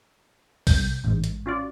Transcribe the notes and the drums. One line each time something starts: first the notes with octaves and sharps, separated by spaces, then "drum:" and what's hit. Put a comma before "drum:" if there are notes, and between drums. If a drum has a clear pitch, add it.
C2 G6, drum: kick, open hi-hat
A1 G#2
drum: hi-hat
C#4 F4 F#4 D5